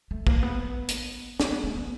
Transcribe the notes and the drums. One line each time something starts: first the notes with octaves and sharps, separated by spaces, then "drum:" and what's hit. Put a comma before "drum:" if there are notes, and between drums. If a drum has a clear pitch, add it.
A3
A#3, drum: kick
B3
drum: hi-hat
C4, drum: snare
B3
A3
B3